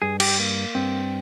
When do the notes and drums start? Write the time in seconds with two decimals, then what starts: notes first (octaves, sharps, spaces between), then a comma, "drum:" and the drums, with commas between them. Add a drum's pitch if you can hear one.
0.02 G2 G#4
0.20 G4, drum: cymbal
0.39 A#3
0.75 G2 C4